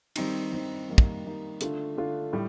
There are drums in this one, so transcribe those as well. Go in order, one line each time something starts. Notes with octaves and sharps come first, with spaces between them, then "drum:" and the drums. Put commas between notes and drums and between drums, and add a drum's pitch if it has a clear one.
D#3 G3 C4 D#4, drum: cymbal
D#3 G3 C4 D#4
D#3 G3 A#3 D#4
drum: kick
D#3 G3 A#3 D#4
D3 A3 D4 F4, drum: hi-hat
D3 A3 D4 F4
A2 G3